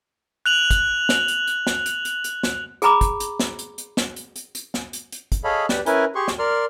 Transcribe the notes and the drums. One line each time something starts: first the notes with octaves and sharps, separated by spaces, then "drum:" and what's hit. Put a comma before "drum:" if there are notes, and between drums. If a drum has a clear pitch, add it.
F#6 F7 F#7
drum: kick, hi-hat
drum: snare
drum: hi-hat
drum: hi-hat
drum: snare
drum: hi-hat
drum: hi-hat
drum: hi-hat
drum: snare
G#4 G#5 A#5 B5 D6, drum: hi-hat
drum: kick, hi-hat
drum: hi-hat
drum: snare
drum: hi-hat
drum: hi-hat
drum: snare
drum: hi-hat
drum: hi-hat
drum: hi-hat
drum: snare
drum: hi-hat
drum: hi-hat
drum: kick, hi-hat
G#4 A4 C#5 D#5 F5 B5
G4 B4 D5, drum: snare
C#4 E4 A#4 B4 G#5, drum: hi-hat
G4 G#4 C6 C#6
drum: snare
A#4 D5 C6 F6